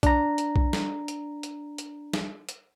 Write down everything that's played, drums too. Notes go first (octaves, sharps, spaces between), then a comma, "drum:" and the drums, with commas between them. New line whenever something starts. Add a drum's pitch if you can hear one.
D4 A#5, drum: kick B1, hi-hat
drum: hi-hat
drum: kick B1
drum: snare
drum: hi-hat
drum: hi-hat
drum: hi-hat
drum: snare
drum: hi-hat